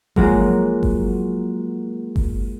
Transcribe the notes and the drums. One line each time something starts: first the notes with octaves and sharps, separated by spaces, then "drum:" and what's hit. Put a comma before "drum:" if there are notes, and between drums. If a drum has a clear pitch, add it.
F#3 G#3 A#3 F4 F#4, drum: kick G1
drum: kick G1
drum: kick G1